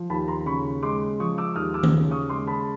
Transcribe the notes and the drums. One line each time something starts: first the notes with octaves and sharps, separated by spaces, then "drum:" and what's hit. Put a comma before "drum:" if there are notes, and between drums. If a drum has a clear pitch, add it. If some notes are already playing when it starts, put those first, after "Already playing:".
Already playing: F3
D#2 A5 B5
A#5 C6
C#3 B5 C#6
G#3 C6 D6
F3 C#6 D#6
D6 E6
D#2 D#6 F6
D6 E6
drum: tom D#3
C#3
C#6 D#6
G#3 C6 D6
A5 B5